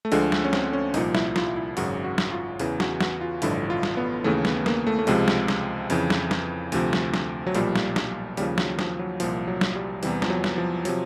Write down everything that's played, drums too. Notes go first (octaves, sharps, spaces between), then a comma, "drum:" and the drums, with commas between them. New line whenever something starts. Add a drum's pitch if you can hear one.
A3
D2 D3 F3 G#3, drum: open hi-hat
drum: snare
C#4
C4, drum: snare
C#4
C2 A#2 F3 D#4, drum: open hi-hat
E4, drum: snare
F4, drum: snare
E4
G#1 F#2 C#3 F#4, drum: open hi-hat
F#4
drum: snare
F4
E2 C#3 E3, drum: open hi-hat
F#4, drum: snare
F#4, drum: snare
F4
A1 G2 D3 F3 E4, drum: open hi-hat
F4
drum: snare
B3
D#2 C#3 E3 A3
B3, drum: snare
A#3, drum: snare
A3
A3
C#2 C3 F3 G#3, drum: open hi-hat
drum: snare
drum: snare
F2 C#3 E3, drum: open hi-hat
drum: snare
drum: snare
D2 C3 F3, drum: open hi-hat
drum: snare
drum: snare
F#3
B1 A#2 F3 G3, drum: open hi-hat
drum: snare
drum: snare
D#2 C#3 F3 G3, drum: open hi-hat
F#3, drum: snare
F3, drum: snare
F#3
C2 A#2 F3, drum: open hi-hat
F#3
drum: snare
G3
E2 C3 E3 G3, drum: open hi-hat
F3, drum: snare
F#3
drum: snare
F3
C3 F3 F#3, drum: open hi-hat